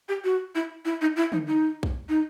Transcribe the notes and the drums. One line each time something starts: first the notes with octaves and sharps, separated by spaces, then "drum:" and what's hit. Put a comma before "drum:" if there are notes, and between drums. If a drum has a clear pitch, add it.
G4
F#4
E4
E4
D#4
E4
D#4, drum: tom D3
D#4
drum: kick B1
D#4